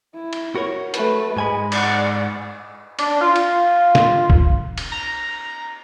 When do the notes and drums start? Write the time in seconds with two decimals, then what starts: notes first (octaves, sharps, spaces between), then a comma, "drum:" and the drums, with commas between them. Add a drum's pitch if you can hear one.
0.14 E4
0.33 drum: cymbal
0.56 F#4 A#4 C#5
0.94 A3 B4, drum: hi-hat
1.37 G#2 G#3 G#5 B5
1.72 D5 F#5, drum: cymbal
2.99 D4, drum: cymbal
3.21 F4
3.36 drum: cymbal
3.95 drum: snare
4.30 drum: kick E1
4.78 drum: cymbal
4.92 A#5